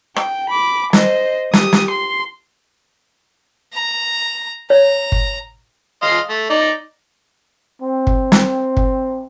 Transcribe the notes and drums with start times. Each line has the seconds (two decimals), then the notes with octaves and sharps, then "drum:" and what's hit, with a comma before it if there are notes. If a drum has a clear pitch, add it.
0.16 G5, drum: rim click
0.50 B5 D6
0.93 C5 D#5, drum: snare
1.53 G4 D#6, drum: snare
1.73 drum: snare
1.91 C6
3.73 A#5
4.70 C#5 A#5
5.12 drum: kick
6.02 D#5 F5 C6
6.30 A3
6.50 D#4 D5
7.82 C4
8.07 drum: kick
8.32 drum: snare
8.77 drum: kick